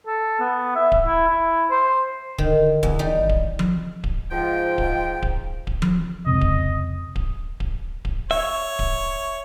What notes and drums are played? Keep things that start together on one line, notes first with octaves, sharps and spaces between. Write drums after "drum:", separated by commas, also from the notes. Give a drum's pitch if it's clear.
A4
B3
E5
drum: kick D1
E4
E4
C5
D3 D#3, drum: kick D1
E2, drum: kick D1
G3 D#4
G#1
drum: kick D1
drum: tom F3
drum: kick D1
G#2 F3 G5
drum: kick D1
drum: kick D1
drum: kick D1
drum: tom F3
F1 C#2 C3 D#5
drum: kick D1
drum: kick D1
drum: kick D1
drum: kick D1
C#5 E5
drum: kick D1